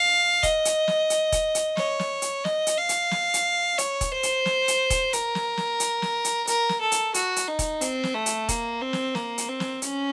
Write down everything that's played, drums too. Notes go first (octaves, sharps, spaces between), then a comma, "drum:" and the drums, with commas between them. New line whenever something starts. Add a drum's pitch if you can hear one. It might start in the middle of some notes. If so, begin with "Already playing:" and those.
Already playing: F5
D#5, drum: kick E1, hi-hat
drum: hi-hat
drum: snare
drum: hi-hat
drum: kick E1, hi-hat
drum: hi-hat
C#5, drum: snare
drum: snare
drum: hi-hat
D#5, drum: snare
drum: hi-hat
F5
drum: hi-hat
drum: snare
drum: hi-hat
C#5, drum: hi-hat
drum: kick E1, hi-hat
C5
drum: hi-hat
drum: snare
drum: hi-hat
drum: kick E1, hi-hat
A#4, drum: hi-hat
drum: snare
drum: snare
drum: hi-hat
drum: snare
drum: hi-hat
A#4, drum: hi-hat
drum: snare
A4
drum: hi-hat
F#4, drum: hi-hat
drum: hi-hat
D#4
drum: kick E1, hi-hat
C4, drum: hi-hat
drum: snare
A3
drum: hi-hat
A#3, drum: kick E1, hi-hat
C4
drum: snare
A#3, drum: snare
drum: hi-hat
C4
drum: snare
C#4, drum: hi-hat